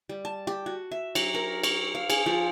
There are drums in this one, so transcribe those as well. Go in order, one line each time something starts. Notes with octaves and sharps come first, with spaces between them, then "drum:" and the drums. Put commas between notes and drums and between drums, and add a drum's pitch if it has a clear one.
G3
A5
G4
F#4
E5
F#3, drum: cymbal
A#4
C#6, drum: cymbal
F5
G#4, drum: cymbal
F3